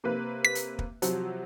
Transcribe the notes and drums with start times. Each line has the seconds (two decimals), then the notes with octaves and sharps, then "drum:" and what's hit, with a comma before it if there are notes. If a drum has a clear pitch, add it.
0.04 C3 A#3 B4
0.45 B6
0.55 drum: hi-hat
0.79 drum: kick
1.02 C3 F3 F#3, drum: hi-hat